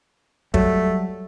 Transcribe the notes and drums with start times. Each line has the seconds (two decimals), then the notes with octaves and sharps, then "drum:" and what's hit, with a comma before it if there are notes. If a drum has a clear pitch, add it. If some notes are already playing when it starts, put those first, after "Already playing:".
0.54 F#3 G3 A3, drum: kick